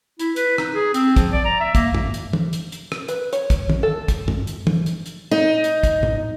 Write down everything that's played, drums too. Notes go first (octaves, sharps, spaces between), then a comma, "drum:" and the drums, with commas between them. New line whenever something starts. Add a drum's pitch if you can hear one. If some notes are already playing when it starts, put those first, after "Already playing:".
E4, drum: hi-hat
B4, drum: hi-hat
D#4, drum: rim click
G#4
C4, drum: hi-hat
F3, drum: kick, hi-hat
D5
A#5
E5
A#3, drum: kick, hi-hat
drum: tom
drum: hi-hat
drum: tom
drum: hi-hat
drum: hi-hat
drum: rim click
B4, drum: hi-hat
C#5, drum: hi-hat
drum: kick, hi-hat
drum: tom
A4
drum: kick, hi-hat
drum: tom
drum: hi-hat
drum: tom
drum: hi-hat
drum: hi-hat
D#4
drum: hi-hat
drum: kick, hi-hat
drum: tom